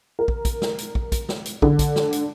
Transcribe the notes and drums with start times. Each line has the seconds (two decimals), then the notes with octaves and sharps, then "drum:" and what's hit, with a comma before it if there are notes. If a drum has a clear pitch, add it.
0.19 A#4
0.28 drum: kick
0.45 drum: kick, hi-hat
0.62 drum: snare
0.78 drum: hi-hat
0.95 drum: kick
1.12 drum: kick, hi-hat
1.29 drum: snare
1.46 drum: hi-hat
1.62 D3, drum: kick
1.79 drum: kick, hi-hat
1.96 drum: snare
2.13 drum: hi-hat